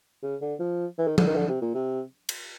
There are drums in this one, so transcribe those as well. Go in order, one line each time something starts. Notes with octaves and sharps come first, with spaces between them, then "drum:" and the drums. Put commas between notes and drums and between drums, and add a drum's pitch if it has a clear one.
C#3
D3
F3
E3
D#3
D3, drum: tom F3
D#3
D3
C3
A#2
C3
drum: cymbal